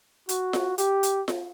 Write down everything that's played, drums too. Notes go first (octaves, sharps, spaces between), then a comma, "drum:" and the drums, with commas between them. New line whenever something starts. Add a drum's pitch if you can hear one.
F#4, drum: hi-hat
drum: snare F4
G4, drum: hi-hat
drum: hi-hat
drum: snare F4